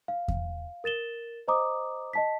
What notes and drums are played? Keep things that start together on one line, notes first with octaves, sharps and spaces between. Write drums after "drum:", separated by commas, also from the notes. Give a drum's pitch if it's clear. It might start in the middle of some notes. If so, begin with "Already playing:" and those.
F5
drum: kick E2
A#4 A6 E7 G7
C5 D#5 A#5 D6 D#6
D#5 A5 B6